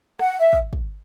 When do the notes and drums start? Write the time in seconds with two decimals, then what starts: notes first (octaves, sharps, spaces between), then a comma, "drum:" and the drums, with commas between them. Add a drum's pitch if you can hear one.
0.19 F#5, drum: rim click
0.39 E5
0.53 drum: kick
0.73 drum: kick